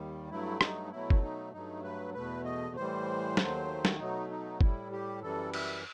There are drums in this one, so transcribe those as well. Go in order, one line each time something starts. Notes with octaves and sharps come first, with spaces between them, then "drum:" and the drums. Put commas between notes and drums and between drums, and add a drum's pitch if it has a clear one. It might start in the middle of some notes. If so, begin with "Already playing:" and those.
Already playing: D#2 D#3 G3
G2 F#3 A3 E4
D#4, drum: rim click
B2 F#3 A3 E4
drum: kick F#1
D#4
G2 F#3 A3 D#4
B4
E2 B2 A3 B4
D#5
A2 E3 G3 C5
D#2 D#3 F#3 A3, drum: snare
drum: snare
B2 F#3 A3 D#4
D#4
A2 G3 E4, drum: kick F#1
G4
F#2 E3 G3 A4
E5, drum: cymbal